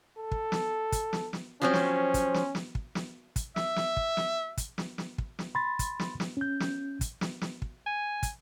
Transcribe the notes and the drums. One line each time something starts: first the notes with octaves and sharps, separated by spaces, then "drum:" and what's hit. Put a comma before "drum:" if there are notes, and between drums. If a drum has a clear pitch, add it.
A4
drum: kick
drum: snare
drum: kick, hi-hat
drum: snare
drum: snare
F3 F#3 C4 C#4
drum: snare
drum: kick, hi-hat
drum: snare
drum: snare
drum: kick
drum: snare
drum: kick, hi-hat
E5, drum: snare
drum: snare
drum: kick
drum: snare
drum: kick, hi-hat
drum: snare
drum: snare
drum: kick
drum: snare
B5 C6 A6
drum: kick, hi-hat
drum: snare
drum: snare
C#4 G6
drum: snare
drum: kick, hi-hat
drum: snare
drum: snare
drum: kick
G#5
drum: kick, hi-hat